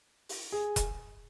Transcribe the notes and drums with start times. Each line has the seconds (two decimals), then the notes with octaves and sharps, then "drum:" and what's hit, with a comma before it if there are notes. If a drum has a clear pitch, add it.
0.29 drum: open hi-hat
0.52 G#4
0.76 drum: kick E1, hi-hat